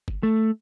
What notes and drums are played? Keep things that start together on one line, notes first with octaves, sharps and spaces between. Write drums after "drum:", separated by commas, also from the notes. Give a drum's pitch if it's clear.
drum: kick
A3